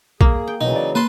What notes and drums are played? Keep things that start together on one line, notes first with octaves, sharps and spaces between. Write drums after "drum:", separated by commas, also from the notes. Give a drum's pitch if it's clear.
A#3 G#4, drum: kick
G5
B1 C#3 E3 F#3 D#4
D5
A#3 B4 A5 C6